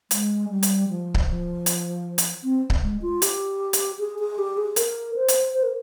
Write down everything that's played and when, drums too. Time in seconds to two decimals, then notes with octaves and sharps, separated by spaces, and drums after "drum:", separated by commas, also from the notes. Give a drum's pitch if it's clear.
0.11 G#3, drum: hi-hat
0.50 G3
0.63 drum: hi-hat
0.89 F3
1.14 drum: kick C#1
1.28 F3
1.66 drum: hi-hat
2.18 drum: hi-hat
2.44 C4
2.70 drum: kick C#1
2.82 G#3
3.02 F4
3.22 G4, drum: hi-hat
3.73 drum: hi-hat
3.99 G#4
4.19 G#4
4.38 G4
4.57 G#4
4.76 A#4, drum: hi-hat
5.16 C5
5.29 drum: hi-hat
5.54 C5
5.63 A#4